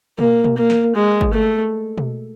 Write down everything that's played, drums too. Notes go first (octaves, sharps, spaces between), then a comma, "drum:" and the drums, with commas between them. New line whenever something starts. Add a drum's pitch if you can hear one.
A#3, drum: tom B2
drum: tom B2
A#3
drum: snare
G#3
drum: kick
A3
drum: tom B2